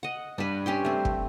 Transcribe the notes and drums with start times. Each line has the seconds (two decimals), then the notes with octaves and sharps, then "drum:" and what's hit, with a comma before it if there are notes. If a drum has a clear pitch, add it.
0.03 D#5 F#5
0.38 G2 D4 B4
0.66 C#4 G4 C6
0.85 A3 C4
1.05 drum: kick